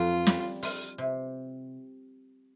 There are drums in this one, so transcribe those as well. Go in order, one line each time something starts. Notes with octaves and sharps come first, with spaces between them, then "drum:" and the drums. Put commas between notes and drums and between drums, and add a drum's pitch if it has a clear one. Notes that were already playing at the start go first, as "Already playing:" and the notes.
Already playing: F2 F4
G3, drum: snare
F4, drum: open hi-hat
C3